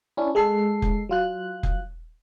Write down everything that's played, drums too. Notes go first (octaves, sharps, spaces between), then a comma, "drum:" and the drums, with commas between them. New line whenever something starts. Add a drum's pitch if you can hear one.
C#4 D4 E4
G#3 A4 C7
drum: kick F1
F#3 F4 F#6
drum: kick F1